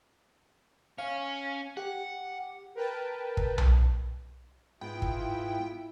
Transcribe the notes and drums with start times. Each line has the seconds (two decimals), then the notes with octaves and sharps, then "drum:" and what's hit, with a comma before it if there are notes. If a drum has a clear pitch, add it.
0.98 C#4 F5
1.77 G4 F#5
2.75 A#4 B4 G5 A5
3.37 drum: kick
3.58 drum: tom B1
4.81 G#2 B3 E4 F4 G5
5.02 drum: kick